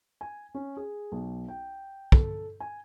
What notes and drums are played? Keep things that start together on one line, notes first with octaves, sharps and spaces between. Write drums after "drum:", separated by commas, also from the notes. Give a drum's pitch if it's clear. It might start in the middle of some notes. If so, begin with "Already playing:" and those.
G#5
C#4
G#4
B1
G5
A4, drum: kick
G#5